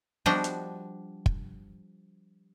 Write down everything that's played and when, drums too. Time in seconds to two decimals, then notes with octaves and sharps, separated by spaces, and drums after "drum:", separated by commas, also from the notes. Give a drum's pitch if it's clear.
0.26 F3 G3 D4 F#4 G4 D#5, drum: snare B3
0.44 drum: hi-hat
1.26 drum: kick